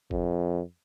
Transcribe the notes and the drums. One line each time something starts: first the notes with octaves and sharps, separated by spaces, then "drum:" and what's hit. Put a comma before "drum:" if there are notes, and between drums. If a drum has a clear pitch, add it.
F2, drum: kick G1